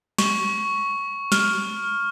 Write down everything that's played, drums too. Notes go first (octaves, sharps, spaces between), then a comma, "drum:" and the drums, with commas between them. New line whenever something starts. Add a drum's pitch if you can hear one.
C#6, drum: snare
F6, drum: snare